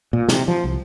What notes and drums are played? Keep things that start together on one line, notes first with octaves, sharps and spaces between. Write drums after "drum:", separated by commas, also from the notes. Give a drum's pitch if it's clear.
A#2
C3, drum: snare
F3
C2